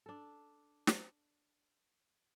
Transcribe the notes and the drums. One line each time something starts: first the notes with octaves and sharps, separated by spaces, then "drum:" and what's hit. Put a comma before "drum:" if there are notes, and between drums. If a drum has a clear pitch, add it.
D4 A4
drum: snare